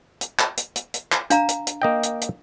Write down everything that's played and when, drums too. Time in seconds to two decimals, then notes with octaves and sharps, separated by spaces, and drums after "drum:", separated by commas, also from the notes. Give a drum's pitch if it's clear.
0.21 drum: hi-hat
0.39 drum: clap
0.57 drum: hi-hat
0.76 drum: hi-hat
0.94 drum: hi-hat
1.12 drum: clap
1.30 D4 F5 A#5, drum: hi-hat
1.49 drum: hi-hat
1.67 drum: hi-hat
1.82 A#3 D#5 G5
2.03 drum: hi-hat
2.21 drum: hi-hat